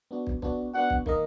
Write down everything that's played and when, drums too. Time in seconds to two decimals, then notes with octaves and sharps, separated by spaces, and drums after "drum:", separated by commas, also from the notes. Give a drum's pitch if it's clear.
0.11 B3 D4 F#4
0.27 drum: kick
0.42 B3 D4 F#4, drum: kick
0.74 B3 D4 F#4 F#5
0.90 drum: kick
1.06 D#3 A#3 D#4 A#4 D#5, drum: kick